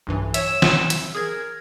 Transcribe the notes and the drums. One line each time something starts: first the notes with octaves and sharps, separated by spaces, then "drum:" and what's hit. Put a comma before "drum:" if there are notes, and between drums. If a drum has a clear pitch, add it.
B1 G2 E3
C#5 E5 E6, drum: hi-hat
drum: snare
drum: hi-hat
G#4 A#4 G#6